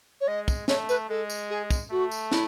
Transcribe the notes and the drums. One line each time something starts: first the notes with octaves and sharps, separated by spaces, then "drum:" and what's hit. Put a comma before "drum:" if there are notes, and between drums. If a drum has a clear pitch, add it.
C#5
G#3 D#5
drum: kick, tambourine
A3 C#5, drum: snare
B4, drum: tambourine
G#3 A4
drum: tambourine
G#4
drum: kick, tambourine
A3 F#4
drum: tambourine
E4, drum: snare